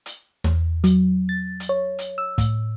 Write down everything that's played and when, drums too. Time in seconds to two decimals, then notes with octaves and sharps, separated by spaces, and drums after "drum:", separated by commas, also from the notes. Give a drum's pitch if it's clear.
0.06 drum: hi-hat
0.44 E2, drum: snare
0.84 F#3, drum: hi-hat
1.29 A6
1.60 drum: hi-hat
1.69 C#5
1.99 drum: hi-hat
2.18 E6
2.38 A2, drum: kick, hi-hat